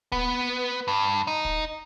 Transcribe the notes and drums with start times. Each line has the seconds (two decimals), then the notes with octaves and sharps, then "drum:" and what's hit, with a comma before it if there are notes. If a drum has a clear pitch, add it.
0.12 B3, drum: kick
0.88 G2
1.27 D#4
1.45 drum: kick